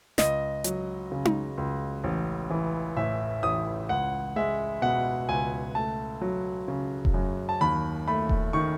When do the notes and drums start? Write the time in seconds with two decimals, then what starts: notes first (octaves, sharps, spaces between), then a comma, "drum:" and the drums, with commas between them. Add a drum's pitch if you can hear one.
0.18 C#2 D#5, drum: snare
0.64 F#3, drum: hi-hat
1.12 C#3
1.25 drum: tom D#4
1.58 C#2
2.04 A1
2.50 E3
2.97 A2 E5
3.43 A1 D#6
3.89 C#2 F#5
4.36 G#3 E5
4.82 B2 F#5
5.29 C#2 G#5
5.75 A3 A5
6.21 F#3
6.68 C#3
7.05 drum: kick E1
7.14 F#2
7.49 A5
7.61 D#2 B5
8.08 A3 B5
8.29 drum: kick E1
8.53 D#3 C#6